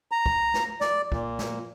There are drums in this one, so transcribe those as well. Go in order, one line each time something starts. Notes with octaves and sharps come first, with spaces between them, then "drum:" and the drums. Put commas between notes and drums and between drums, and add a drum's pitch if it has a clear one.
A#5
drum: kick
drum: snare
D5, drum: snare
A#2, drum: kick
drum: snare